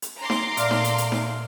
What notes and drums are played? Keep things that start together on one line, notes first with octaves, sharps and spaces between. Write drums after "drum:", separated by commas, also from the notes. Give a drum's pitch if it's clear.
drum: hi-hat
A#5 C6 D6
drum: snare D#4
A#2 A3 D5 F5 F6, drum: hi-hat
drum: snare D#4
drum: hi-hat
drum: hi-hat
drum: snare D#4